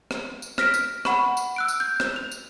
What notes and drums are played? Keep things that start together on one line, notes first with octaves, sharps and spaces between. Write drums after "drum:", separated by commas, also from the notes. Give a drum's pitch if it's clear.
drum: rim click
drum: tambourine
F6 A#6 B6 D7, drum: rim click
drum: tambourine
F#5 B5 C#6, drum: rim click
drum: tambourine
E6 F#6 D7
drum: tambourine
G6
drum: rim click
F7
drum: tambourine